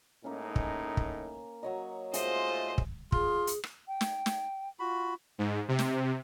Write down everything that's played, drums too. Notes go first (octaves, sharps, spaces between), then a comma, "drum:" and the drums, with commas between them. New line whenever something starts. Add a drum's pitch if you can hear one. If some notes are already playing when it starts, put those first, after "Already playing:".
A2 G#3 A#3 C#4 D#4
drum: kick
drum: kick
F#3 C#5 D#5
G#2 A3 F4 G#4 C5 D#5 E5 F#5, drum: hi-hat
drum: kick
F4 G#4, drum: kick
drum: hi-hat
drum: rim click
G5
drum: snare
drum: snare
F4 F#4 B5
G#2
C3
drum: snare